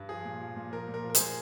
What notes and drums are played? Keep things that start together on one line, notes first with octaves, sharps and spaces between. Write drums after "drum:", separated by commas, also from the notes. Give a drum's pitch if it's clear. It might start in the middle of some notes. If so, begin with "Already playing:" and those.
Already playing: G2
F3 G#4
A#2
F3
A#2
F3 A#4
A#2
A#4
F3
A#4
A#2 G#4 C5, drum: hi-hat